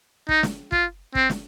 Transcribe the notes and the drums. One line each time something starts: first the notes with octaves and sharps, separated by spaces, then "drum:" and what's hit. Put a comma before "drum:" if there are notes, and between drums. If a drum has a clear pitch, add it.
D#4, drum: kick
drum: snare
F4, drum: kick
C4, drum: kick
drum: snare